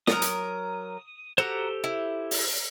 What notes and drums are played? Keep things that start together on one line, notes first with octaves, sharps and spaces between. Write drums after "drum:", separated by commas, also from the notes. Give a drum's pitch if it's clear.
F#3 A#4 D#6, drum: snare
drum: hi-hat
F#4 G4 A4 C5 A#5
E4
drum: open hi-hat